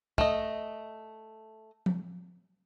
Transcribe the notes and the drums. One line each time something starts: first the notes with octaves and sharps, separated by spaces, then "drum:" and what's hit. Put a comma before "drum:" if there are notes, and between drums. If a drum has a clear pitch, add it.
A3 D#5, drum: kick
drum: tom F3